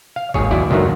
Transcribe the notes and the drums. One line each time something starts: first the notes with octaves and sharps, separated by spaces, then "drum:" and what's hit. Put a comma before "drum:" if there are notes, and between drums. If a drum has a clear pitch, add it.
F5
G#1 D#2 G#4 C#5, drum: kick
D#2 F#3 E4 D5
C#2 F#2 D3 D#3 F#3 A#3